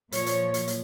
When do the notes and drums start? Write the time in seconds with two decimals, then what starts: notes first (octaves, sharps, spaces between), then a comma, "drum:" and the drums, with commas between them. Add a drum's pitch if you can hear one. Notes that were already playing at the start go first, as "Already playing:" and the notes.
0.12 A#2 F3 C#5, drum: hi-hat
0.26 drum: hi-hat
0.54 drum: hi-hat
0.68 drum: hi-hat